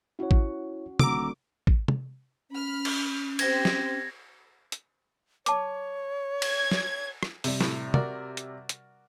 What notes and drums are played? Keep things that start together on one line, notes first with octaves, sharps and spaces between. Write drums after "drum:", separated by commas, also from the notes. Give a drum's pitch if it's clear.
C#4 E4 F#4 C#5
drum: kick
D#1 D3 F#4 A#5 D6 E6, drum: tom
drum: kick
drum: tom
C#4 B5 F6
drum: cymbal
C4 G4 C5 G#6 A#6, drum: cymbal
drum: snare
drum: hi-hat
C#5 A5 D6, drum: hi-hat
G#6, drum: cymbal
drum: snare
drum: rim click
C3 G3, drum: open hi-hat
A2, drum: snare
F#4 A#4 D5, drum: tom
drum: hi-hat
drum: hi-hat